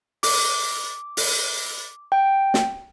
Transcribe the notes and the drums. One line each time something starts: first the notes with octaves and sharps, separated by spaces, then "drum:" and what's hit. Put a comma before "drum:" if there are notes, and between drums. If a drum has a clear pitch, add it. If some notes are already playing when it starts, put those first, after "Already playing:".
D6, drum: open hi-hat
drum: open hi-hat
G5
drum: snare